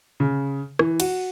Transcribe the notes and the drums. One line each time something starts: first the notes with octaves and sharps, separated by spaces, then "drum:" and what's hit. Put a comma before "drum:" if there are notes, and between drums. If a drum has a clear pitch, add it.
C#3
E3, drum: rim click
F#4, drum: cymbal